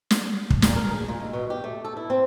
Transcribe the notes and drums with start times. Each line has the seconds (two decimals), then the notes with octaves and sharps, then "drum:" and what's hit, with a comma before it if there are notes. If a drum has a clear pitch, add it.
0.11 drum: snare
0.50 drum: kick
0.62 A#2, drum: snare
0.76 A#4
0.93 G#4
1.08 A#2
1.20 D#2
1.33 B2
1.50 G4
1.64 A3
1.85 A4
1.97 E4
2.10 C4